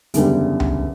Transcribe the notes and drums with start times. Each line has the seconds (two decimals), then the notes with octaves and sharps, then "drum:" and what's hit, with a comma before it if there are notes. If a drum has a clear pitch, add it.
0.14 F#1 E2 D3 G3, drum: hi-hat
0.60 drum: tom C#2